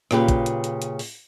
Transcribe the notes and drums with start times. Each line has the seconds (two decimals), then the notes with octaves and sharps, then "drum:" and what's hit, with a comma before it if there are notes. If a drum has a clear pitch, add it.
0.11 A#2 C#3 G4 B4, drum: rim click
0.28 drum: kick, hi-hat
0.46 drum: hi-hat
0.64 drum: hi-hat
0.82 drum: hi-hat
0.99 drum: open hi-hat